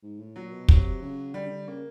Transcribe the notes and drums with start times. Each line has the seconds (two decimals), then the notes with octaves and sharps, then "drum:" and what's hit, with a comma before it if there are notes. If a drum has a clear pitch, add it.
0.03 G#2
0.19 A2
0.36 A#2 F#3
0.52 B2
0.68 C3 F#3, drum: kick
1.02 C#3
1.34 D3 G3
1.46 C#3
1.51 D3
1.68 C#3 A#3